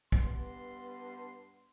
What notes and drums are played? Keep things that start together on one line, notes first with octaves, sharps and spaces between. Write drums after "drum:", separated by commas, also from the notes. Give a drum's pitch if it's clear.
G2 B3 C6, drum: kick